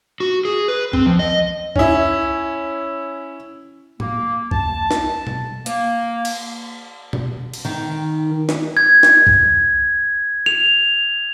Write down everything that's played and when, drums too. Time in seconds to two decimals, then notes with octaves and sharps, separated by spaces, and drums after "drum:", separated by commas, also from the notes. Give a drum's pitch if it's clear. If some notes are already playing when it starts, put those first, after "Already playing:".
0.20 F#4
0.45 G#4
0.68 B4
0.93 C4, drum: kick B1
1.06 F3
1.19 D#5
1.76 C#4 E4, drum: kick B1
4.00 A#3, drum: tom
4.51 A5, drum: kick B1
4.91 drum: snare
5.27 drum: tom B2
5.66 A#3, drum: hi-hat
6.25 drum: cymbal
7.13 drum: tom
7.54 drum: cymbal
7.65 D#3
8.49 drum: snare
8.77 G#6
9.03 drum: snare
9.27 drum: kick B1
10.46 F7